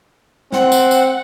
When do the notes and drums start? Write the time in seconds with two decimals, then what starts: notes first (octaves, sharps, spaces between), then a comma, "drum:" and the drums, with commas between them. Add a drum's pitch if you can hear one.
0.52 C4 F#5, drum: snare
0.72 drum: tambourine
0.91 drum: tambourine